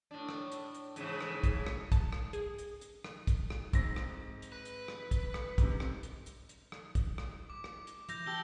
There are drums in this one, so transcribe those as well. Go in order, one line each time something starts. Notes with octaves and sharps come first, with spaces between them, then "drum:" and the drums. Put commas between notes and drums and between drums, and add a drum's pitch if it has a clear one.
A2 D4
drum: rim click
drum: hi-hat
drum: hi-hat
G#2 C#3 E3, drum: hi-hat
drum: rim click
drum: kick, hi-hat
drum: rim click
A5, drum: kick, hi-hat
drum: rim click
G#4, drum: hi-hat
drum: hi-hat
drum: hi-hat
drum: rim click
drum: kick, hi-hat
drum: rim click
G#2 C4 A#6, drum: kick, hi-hat
drum: rim click
drum: hi-hat
B4
drum: hi-hat
drum: rim click
drum: kick, hi-hat
drum: rim click
G#2 C3, drum: kick, hi-hat
drum: rim click
drum: hi-hat
drum: hi-hat
drum: hi-hat
drum: rim click
drum: kick, hi-hat
drum: rim click
D6
drum: rim click
drum: hi-hat
E3 G6 A#6 F7, drum: hi-hat
G4 A5 E6 G6